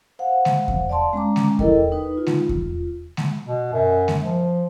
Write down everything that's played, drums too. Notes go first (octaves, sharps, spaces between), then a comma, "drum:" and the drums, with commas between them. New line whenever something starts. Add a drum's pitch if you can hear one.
C5 F5 F#5
drum: snare G#3
drum: kick E2
D5 F5 A5 C6
G#3 C#4 A#5 D6
drum: snare G#3
E4 A4 A#4 D#5 G5, drum: kick E2
D#4 B4
F4
drum: snare G#3
drum: kick E2
drum: snare G#3
B2
F#2
drum: snare G#3
F3